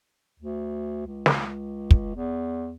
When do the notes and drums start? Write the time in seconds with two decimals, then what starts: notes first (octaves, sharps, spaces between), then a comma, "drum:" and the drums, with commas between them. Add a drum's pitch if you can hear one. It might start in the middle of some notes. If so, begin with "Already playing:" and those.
0.40 D2
1.07 C#2
1.26 drum: snare
1.91 drum: kick
2.15 E2